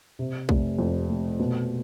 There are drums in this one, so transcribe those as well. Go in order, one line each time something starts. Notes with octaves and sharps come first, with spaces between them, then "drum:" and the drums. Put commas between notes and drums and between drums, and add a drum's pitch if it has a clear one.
C3
F1, drum: kick
F2
F1
B2